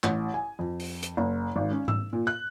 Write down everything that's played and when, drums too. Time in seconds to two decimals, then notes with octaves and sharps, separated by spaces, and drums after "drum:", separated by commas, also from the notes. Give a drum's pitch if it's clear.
0.04 A1, drum: clap
0.34 G#5
0.59 F2
0.80 drum: open hi-hat
1.03 drum: hi-hat
1.17 F#1
1.56 G#1
1.71 C#4
1.88 E6, drum: tom G#2
2.13 A#2
2.27 F#6